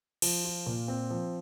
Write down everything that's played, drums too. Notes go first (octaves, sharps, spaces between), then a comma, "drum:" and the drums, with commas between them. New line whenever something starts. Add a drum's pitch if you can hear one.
F3, drum: cymbal
F4
A#2
C4
F3